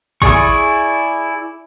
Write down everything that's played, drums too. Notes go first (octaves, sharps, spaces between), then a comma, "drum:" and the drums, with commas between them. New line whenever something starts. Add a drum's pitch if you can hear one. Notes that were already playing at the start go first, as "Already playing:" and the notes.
E4 G#4 D5 C#6, drum: kick